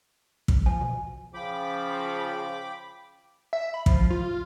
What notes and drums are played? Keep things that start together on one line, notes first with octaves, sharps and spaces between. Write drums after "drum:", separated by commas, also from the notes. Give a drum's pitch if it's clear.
B1, drum: kick
F3 G#5
B2
C#3 F3 G5 B5 D6
E5
B5
F3, drum: kick
F4